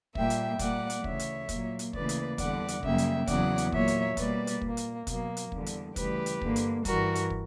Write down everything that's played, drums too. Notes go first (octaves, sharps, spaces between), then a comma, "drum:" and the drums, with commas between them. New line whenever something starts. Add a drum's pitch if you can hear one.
A#2 G3 A#3 E5 G5, drum: kick
drum: hi-hat
A#2 G3 A#3 D5 F#5, drum: kick, hi-hat
drum: hi-hat
D2 C#3 E3 C#5 E5, drum: kick
drum: hi-hat
A#2 F#3 A#3, drum: kick, hi-hat
drum: hi-hat
D2 C#3 E3 A#3 B4 D5, drum: kick
drum: hi-hat
E2 D3 G3 D5 F#5, drum: kick, hi-hat
drum: hi-hat
F#2 C#3 G3 A#3 E5 G5, drum: kick
drum: hi-hat
E2 C#3 F#3 D5 F#5, drum: kick, hi-hat
drum: hi-hat
A#2 F#3 A#3 C#5 E5, drum: kick
drum: hi-hat
B2 G3 A#3 B4 D5, drum: kick, hi-hat
drum: hi-hat
A#2 A#3, drum: kick
drum: hi-hat
B2 F#3 A#3, drum: kick, hi-hat
drum: hi-hat
E2 D3 G3, drum: kick
drum: hi-hat
D2 C#3 E3 G3 G4 B4, drum: kick, hi-hat
drum: hi-hat
G2 D3 A#3, drum: kick
drum: hi-hat
G2 E3 G3 F#4 A#4, drum: kick, hi-hat
drum: hi-hat
drum: kick